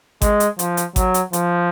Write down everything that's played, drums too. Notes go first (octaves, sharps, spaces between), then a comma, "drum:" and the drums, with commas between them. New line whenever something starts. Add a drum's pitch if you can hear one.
G#3, drum: kick G#1, hi-hat
drum: hi-hat
F3, drum: hi-hat
drum: hi-hat
F#3, drum: kick G#1, hi-hat
drum: hi-hat
F3, drum: hi-hat